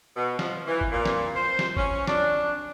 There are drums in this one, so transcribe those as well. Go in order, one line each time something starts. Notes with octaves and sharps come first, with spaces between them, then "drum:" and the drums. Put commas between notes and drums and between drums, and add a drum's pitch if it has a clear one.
B2
F3, drum: snare
E3
drum: kick G1
A#2
drum: snare
C5
drum: snare
C#4, drum: kick G1
D4, drum: snare